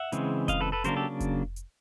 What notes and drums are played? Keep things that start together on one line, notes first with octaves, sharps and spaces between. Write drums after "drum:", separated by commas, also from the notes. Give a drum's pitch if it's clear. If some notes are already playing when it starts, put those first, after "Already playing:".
Already playing: E5 F#5
C#3 E3 G#3 C4, drum: hi-hat
D#5 F5, drum: kick F1, hi-hat
A4 B4
A4 B4
C#3 F#3 A#3 D4 A#4 C5, drum: hi-hat
G4 A4
drum: kick F1, hi-hat
drum: hi-hat